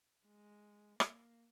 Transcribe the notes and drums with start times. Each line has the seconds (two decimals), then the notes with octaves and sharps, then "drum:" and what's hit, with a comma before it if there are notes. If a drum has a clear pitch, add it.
0.26 G#3
1.00 A#3, drum: rim click